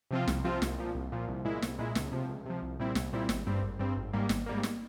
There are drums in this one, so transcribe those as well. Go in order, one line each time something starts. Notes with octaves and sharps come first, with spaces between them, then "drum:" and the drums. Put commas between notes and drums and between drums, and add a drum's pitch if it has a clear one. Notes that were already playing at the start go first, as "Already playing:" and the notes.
C3 F3 C4 F4
C2, drum: snare
C3 F3 C4 F4
C2, drum: snare
A#2 F3
C2
A#2 F3
C2
A#2 G#3 E4
C2, drum: snare
A#2 G#3 E4
C#2, drum: snare
C3 F3
C#2
C3 F3
C2
A#2 G3 C4 E4
C2, drum: snare
A#2 G3 C4 E4
G#1, drum: snare
G2 G3 C4
G#1
G2 G3 C4
G#1
G#2 G3 A#3
G#1, drum: snare
G#2 G3 A#3
drum: snare